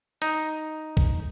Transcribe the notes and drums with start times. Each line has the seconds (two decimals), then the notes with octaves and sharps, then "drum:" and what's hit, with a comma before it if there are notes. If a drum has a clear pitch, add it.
0.22 D#4, drum: hi-hat
0.97 drum: kick